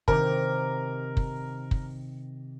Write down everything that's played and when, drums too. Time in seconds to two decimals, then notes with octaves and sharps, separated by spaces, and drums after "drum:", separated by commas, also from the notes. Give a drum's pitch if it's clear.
0.08 C3 D#3 A#4 D6, drum: kick
1.17 drum: kick
1.71 drum: kick